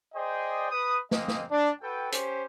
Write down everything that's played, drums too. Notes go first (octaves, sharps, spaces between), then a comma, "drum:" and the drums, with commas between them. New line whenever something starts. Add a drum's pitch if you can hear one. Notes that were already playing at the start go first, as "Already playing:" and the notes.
G#4 C5 D5 D#5 G5
B4 D#6
G#3 A#3 C4 D#5, drum: snare
drum: snare
D4
F#4 A4 B4 G5
C#4 G4 C5, drum: hi-hat